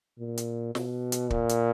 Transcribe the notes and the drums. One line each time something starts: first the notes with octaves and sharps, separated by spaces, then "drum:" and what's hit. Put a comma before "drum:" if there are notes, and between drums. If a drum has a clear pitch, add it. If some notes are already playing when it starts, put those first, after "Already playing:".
A#2
drum: hi-hat
B2, drum: snare
drum: hi-hat
A#2, drum: kick
drum: hi-hat